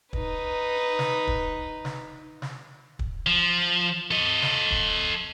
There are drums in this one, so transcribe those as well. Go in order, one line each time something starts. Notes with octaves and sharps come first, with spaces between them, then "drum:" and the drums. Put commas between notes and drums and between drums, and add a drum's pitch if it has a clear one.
D#4 B4, drum: kick
drum: snare
drum: kick
drum: snare
drum: snare
drum: kick
F3
A4 D#5
drum: snare
drum: kick